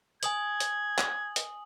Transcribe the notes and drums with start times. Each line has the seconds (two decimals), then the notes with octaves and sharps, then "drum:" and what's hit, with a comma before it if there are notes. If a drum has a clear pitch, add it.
0.23 G#5 D#6 G#6 F#7, drum: hi-hat
0.60 drum: hi-hat
0.98 drum: clap
1.36 drum: hi-hat